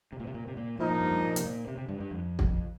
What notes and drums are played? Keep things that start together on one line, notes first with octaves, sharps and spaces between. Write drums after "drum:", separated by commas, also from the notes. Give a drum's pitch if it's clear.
C3
A#2
C3
A#2
C3
A#2
A#2 F3 A#3 D#4
A#2
G2
G2
A#2
C3, drum: hi-hat
A#2
C3
C3
G2
G2
F2
drum: kick